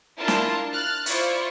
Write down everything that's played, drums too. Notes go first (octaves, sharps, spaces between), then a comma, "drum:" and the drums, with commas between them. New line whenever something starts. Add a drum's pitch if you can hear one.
D4 E4 F4 A#4 A5
drum: snare
F6 F#6 A6
E4 F4 C5 D5 C#6, drum: hi-hat